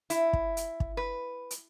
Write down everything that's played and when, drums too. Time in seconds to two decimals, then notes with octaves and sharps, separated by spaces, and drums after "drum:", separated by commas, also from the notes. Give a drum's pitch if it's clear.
0.10 E4, drum: hi-hat
0.33 drum: kick
0.57 drum: hi-hat
0.80 drum: kick
0.97 B4
1.51 drum: hi-hat